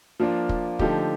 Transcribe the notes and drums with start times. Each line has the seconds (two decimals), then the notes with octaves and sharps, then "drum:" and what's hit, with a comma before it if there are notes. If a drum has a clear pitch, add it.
0.20 F3 A#3 D4 F4
0.49 drum: kick
0.79 D3 F3 A3 D#4 G4, drum: kick